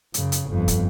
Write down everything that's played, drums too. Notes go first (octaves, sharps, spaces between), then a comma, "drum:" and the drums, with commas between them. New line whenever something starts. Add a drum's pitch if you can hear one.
F#2 C#3, drum: hi-hat
drum: hi-hat
G1 F2
drum: kick, hi-hat